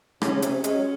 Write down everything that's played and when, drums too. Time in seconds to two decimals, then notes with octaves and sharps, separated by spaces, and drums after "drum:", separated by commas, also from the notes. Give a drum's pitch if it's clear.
0.22 C#3 C#4, drum: rim click
0.32 C#3
0.42 C3, drum: hi-hat
0.64 G#3 C#4, drum: hi-hat
0.74 F#3